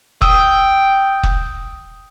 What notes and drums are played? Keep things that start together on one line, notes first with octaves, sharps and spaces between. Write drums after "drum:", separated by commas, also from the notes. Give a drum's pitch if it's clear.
G5 D#6 E6, drum: kick
drum: kick